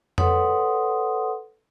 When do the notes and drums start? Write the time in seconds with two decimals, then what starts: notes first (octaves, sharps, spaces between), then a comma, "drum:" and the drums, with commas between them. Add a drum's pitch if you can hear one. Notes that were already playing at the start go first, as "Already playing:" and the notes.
0.18 A4 B4 C#5 F#5 C6 D#6, drum: tom F2